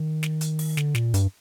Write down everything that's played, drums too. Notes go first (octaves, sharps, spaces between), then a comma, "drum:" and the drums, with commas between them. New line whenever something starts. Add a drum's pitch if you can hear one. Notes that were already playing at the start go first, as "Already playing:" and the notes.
Already playing: D#3
drum: snare
drum: hi-hat
drum: open hi-hat
D3, drum: snare
A#2, drum: snare
G2, drum: hi-hat